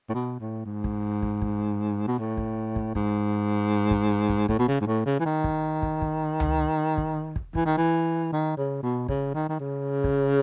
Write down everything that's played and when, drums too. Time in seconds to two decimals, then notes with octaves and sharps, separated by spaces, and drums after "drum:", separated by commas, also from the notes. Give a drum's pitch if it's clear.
0.09 A2
0.14 B2
0.40 A2
0.65 G#2
0.84 drum: kick
1.22 drum: kick
1.42 drum: kick
2.07 B2
2.18 A2
2.37 drum: kick
2.76 drum: kick
2.95 G#2, drum: kick
3.91 drum: kick
4.29 drum: kick
4.49 A2, drum: kick
4.59 B2
4.68 C#3
4.81 G#2
4.87 A2
5.05 C#3
5.20 E3
5.25 D#3
5.44 drum: kick
5.82 drum: kick
6.02 drum: kick
6.40 drum: tom C#2
6.97 drum: kick
7.36 drum: kick
7.55 E3, drum: kick
7.66 D#3
7.77 E3
8.32 D#3
8.57 C#3
8.83 B2
9.08 C#3, drum: kick
9.34 D#3
9.49 D#3
9.59 C#3
10.04 drum: kick